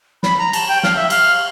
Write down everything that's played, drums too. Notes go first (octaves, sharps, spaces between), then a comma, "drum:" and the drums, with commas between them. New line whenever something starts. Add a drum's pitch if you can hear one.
B5, drum: snare
A#5
A5, drum: cymbal
G5
F5, drum: snare
E5
F5, drum: cymbal